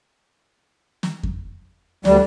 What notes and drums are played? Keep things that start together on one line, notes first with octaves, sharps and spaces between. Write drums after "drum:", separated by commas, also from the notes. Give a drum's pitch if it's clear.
drum: snare
drum: kick F2
D2 G3 D5, drum: snare